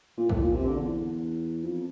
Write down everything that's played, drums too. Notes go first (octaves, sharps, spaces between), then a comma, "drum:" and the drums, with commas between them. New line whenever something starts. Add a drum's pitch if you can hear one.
A#2
A2, drum: kick
A#2
C3
D3
E2
F2